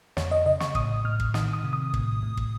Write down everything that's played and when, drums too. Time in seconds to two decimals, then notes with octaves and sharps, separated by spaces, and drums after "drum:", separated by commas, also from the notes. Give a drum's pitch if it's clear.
0.17 F2 C#5, drum: snare
0.31 D#5
0.46 C#3 D#5
0.60 C#6, drum: snare
0.75 A2 D#6, drum: kick
1.05 A2 F6
1.20 drum: kick
1.34 D#3 D#6, drum: snare
1.53 D#6
1.64 C3
1.73 D#6
1.94 A2, drum: kick
2.23 A2
2.37 drum: kick